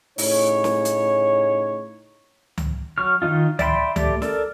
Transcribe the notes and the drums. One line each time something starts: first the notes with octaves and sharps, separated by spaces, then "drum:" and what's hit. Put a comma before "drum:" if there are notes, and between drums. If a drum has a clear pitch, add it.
A2 C#3 D#4 C#5, drum: open hi-hat
drum: snare
drum: hi-hat
drum: tom C#2
F#3 C#6 F6
D#3 F3 D#4 F4
D5 E5 G5 B5 C6, drum: tom C#2
A3 G4 D5, drum: tom C#2
A4 A#4 D5, drum: snare